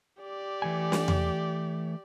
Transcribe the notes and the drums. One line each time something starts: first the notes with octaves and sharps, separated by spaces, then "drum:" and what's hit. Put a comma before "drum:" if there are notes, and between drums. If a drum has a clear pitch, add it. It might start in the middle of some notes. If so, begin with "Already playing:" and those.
G4 D5
E3 A3 G#5
drum: snare
drum: tom E2